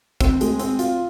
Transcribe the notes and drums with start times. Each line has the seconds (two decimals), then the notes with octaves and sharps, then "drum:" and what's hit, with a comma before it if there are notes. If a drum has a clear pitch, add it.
0.21 C4, drum: kick, hi-hat
0.41 G#3, drum: hi-hat
0.59 C4, drum: hi-hat
0.79 F4, drum: hi-hat